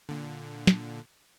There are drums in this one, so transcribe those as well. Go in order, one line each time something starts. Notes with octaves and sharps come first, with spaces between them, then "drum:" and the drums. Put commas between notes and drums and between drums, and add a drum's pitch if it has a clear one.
A#2 D3
drum: snare